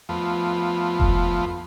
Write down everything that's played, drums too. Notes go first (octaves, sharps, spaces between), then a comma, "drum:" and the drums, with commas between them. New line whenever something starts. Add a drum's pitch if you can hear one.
F2 F3 A3 B3
drum: kick F1